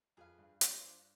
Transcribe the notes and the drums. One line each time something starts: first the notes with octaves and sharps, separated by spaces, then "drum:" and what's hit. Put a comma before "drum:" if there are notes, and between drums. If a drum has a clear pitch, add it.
F2 G#4 B4 F5
G2
D4 F4 C5, drum: hi-hat